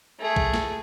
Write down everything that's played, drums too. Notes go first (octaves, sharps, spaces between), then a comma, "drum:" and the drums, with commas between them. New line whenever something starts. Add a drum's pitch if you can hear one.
A3 G#4
drum: kick B1
drum: snare